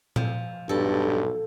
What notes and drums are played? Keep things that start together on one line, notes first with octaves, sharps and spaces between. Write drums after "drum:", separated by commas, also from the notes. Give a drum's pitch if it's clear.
F3, drum: tom A#2
B1 G2 A4